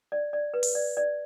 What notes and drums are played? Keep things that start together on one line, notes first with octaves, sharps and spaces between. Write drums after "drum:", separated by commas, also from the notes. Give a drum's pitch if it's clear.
D5
D5
B4
drum: open hi-hat
D5
D5